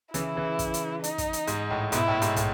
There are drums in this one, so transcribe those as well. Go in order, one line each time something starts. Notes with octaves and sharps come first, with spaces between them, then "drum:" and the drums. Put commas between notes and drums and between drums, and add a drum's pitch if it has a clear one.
C#3 E3 E4, drum: hi-hat
C#3 E3
drum: kick, hi-hat
drum: hi-hat
D#4, drum: hi-hat
drum: kick, hi-hat
drum: hi-hat
G#2, drum: hi-hat
A2
G#2 B2 E4, drum: hi-hat
A2
G#2, drum: hi-hat
A2, drum: kick, hi-hat